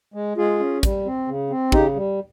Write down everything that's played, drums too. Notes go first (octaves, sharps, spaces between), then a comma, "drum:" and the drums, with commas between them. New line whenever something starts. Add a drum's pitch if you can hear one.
G#3
G#3 F4 G#4
C#4
G3, drum: kick, hi-hat
C4
C#3
C4
C#3 D#4 G4, drum: kick
G3